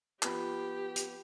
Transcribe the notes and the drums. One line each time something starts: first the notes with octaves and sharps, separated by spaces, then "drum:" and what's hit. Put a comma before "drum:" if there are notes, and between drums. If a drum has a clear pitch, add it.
F3 B3 G4 B5, drum: clap
drum: hi-hat